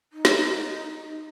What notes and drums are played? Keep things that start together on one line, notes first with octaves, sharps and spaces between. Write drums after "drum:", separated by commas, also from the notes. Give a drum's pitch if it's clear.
D#4
drum: snare